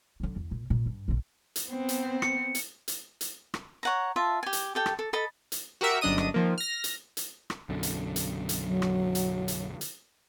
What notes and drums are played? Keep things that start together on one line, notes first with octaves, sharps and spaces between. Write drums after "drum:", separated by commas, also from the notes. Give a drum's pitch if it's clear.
D3 F#3
E2
A#2
A#2
G2
A#1 A#2
drum: hi-hat
B3 C4
drum: hi-hat
C#7, drum: rim click
drum: hi-hat
drum: hi-hat
drum: hi-hat
drum: rim click
C#5 F#5 A#5
F4 E5 A5
G4 G#5
drum: hi-hat
G4 A4 G5
drum: rim click
A4
A4 D#5 B5
drum: hi-hat
F#4 G4 A#4 E5
G1 F#2 D4 D#5 D#6 D#7
drum: rim click
D#3 F3 A#3
F6 A#6
drum: hi-hat
drum: hi-hat
drum: rim click
B1 F#2 D3
drum: hi-hat
drum: hi-hat
drum: hi-hat
F#3
drum: rim click
drum: hi-hat
drum: hi-hat
drum: hi-hat